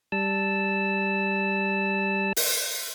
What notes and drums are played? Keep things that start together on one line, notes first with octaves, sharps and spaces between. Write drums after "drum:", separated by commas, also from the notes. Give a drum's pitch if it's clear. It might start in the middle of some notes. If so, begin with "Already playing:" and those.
G3 A5 E6
drum: open hi-hat